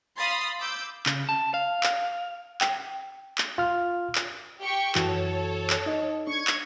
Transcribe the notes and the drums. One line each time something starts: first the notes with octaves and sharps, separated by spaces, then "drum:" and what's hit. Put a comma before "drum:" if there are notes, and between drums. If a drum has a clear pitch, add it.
F5 B5 C6 D#6 A6 C7
B5 D6 E6 G6
C#3, drum: clap
A5
F5
drum: clap
G5, drum: clap
drum: clap
F4 F6
drum: clap
G4 G5 C#6
F#2 E3 F#4 A4 C#5, drum: clap
drum: clap
D#4 D#5
D4 C#6 G#6
drum: clap